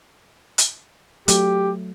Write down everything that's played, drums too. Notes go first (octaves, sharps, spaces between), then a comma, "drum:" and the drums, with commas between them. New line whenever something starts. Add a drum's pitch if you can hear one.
drum: hi-hat
F#3 A3 G4, drum: hi-hat